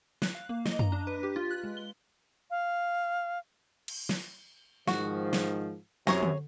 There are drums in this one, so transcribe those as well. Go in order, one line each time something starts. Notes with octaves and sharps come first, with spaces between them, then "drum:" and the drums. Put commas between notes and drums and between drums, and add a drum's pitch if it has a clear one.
F#6, drum: snare
F5
A#3
D#5, drum: snare
A#5, drum: tom F#2
D4
B4
G4
F4
F#6
G#3
G7
F5
drum: cymbal
drum: snare
G#2 D#3 F3 F#4, drum: snare
drum: snare
F#2 C3 G#4 C#5 A#5, drum: snare
drum: tom D3